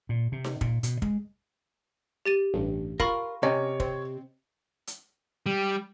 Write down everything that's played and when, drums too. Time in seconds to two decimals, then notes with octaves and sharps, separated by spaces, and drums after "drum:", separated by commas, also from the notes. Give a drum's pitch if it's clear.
0.09 A#2
0.32 C3
0.44 drum: snare D#4
0.61 A#2, drum: kick
0.83 B2, drum: hi-hat
1.02 G#3, drum: kick
2.26 G4 A6 D#7
2.54 A1 G2
3.00 F4 A#4 F5 B5 C#6, drum: kick
3.43 C3 C#4 C#5 D#5
3.80 C4, drum: kick
4.87 drum: hi-hat
5.46 G3